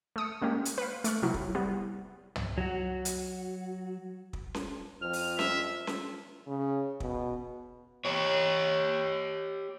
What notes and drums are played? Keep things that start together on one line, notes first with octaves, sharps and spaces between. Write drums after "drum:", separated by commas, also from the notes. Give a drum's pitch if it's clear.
A3 D#6 C#7
G#3 A#3 C#4 G4
drum: hi-hat
B4 F5
A3 C#6 F6, drum: hi-hat
C3 F#3 E4
drum: kick
C3 G3 B3
drum: tom
F#3 F#4
drum: hi-hat
drum: kick
drum: snare C#4
F2 F6
drum: open hi-hat
E5, drum: snare C#4
drum: snare C#4
C#3
B2, drum: kick
G4 C#5